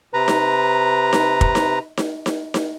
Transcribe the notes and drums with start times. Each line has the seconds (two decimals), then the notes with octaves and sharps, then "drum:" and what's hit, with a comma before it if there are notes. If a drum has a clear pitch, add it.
0.14 C3 B4 A#5
0.28 drum: snare D#4
1.13 drum: snare D#4
1.41 drum: kick
1.55 drum: snare D#4
1.97 drum: snare D#4
2.26 drum: snare D#4
2.54 drum: snare D#4